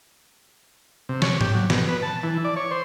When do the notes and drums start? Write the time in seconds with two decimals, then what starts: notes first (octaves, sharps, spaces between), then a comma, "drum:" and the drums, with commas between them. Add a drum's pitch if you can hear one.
1.09 C3
1.22 C#5, drum: snare
1.41 G4, drum: tom G#2
1.54 F#3
1.70 B2, drum: snare
1.88 B4
2.03 A5
2.23 E3
2.45 D5
2.56 C#5
2.71 C5